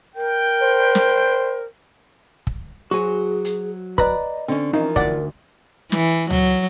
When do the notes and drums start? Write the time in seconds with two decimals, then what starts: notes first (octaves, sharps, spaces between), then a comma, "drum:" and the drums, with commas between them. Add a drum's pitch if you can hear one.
0.16 A#4 G5
0.62 C5
0.95 drum: snare
2.47 drum: kick
2.91 F#3 F#4 G#4 C5 G#5
3.45 drum: hi-hat
3.98 B4 D5 D#5 A#5 B5, drum: kick
4.48 D3 C4 C#4
4.73 E3 F3 D#4 A#4
4.96 D2 D5 F#5, drum: kick
5.92 E3, drum: snare
6.30 F#3, drum: tom C#2